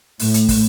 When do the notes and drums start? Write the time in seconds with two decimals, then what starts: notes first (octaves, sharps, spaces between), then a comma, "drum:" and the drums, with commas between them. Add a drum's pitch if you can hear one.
0.19 A2, drum: open hi-hat
0.34 drum: hi-hat
0.49 drum: kick, open hi-hat